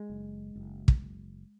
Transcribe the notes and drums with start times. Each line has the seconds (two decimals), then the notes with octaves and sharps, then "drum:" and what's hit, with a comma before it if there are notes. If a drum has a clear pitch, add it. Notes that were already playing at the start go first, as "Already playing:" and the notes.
Already playing: G#3
0.10 F#1
0.56 F#1
0.88 drum: kick
1.02 F#1